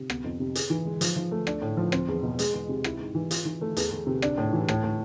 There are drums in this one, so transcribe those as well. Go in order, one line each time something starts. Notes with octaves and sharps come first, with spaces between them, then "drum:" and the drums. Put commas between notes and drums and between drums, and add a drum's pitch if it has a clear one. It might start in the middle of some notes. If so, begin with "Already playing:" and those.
Already playing: C3
B3, drum: rim click
F2
C3
G#4, drum: hi-hat
E3
G#3
F3, drum: hi-hat
F3
A3
D4, drum: rim click
A2
F3
C4, drum: rim click
E2
B2
G#3, drum: hi-hat
E2
C3
E4, drum: rim click
G#2
E3
F4, drum: hi-hat
E3
A3
E2, drum: hi-hat
E2
C3
D4, drum: rim click
A2
E3
A2, drum: rim click
A2